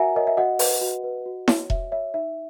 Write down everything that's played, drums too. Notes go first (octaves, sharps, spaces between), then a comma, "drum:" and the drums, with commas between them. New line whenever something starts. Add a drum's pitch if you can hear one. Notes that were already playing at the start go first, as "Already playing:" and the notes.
Already playing: F#4 A#4 C#5 E5 F#5 G#5 A#5
A#4 C#5 D#5
E5
F#4 D#5 F#5
B4, drum: open hi-hat
F#4
B4
F#4
C#5, drum: snare E4
F#4 E5, drum: kick E1
C#5 E5
D#4 E5